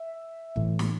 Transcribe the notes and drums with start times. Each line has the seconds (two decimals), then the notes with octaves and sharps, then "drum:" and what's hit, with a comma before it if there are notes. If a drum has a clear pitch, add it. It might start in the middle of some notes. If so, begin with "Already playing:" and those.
Already playing: E5
0.56 A2 E3, drum: kick
0.79 drum: snare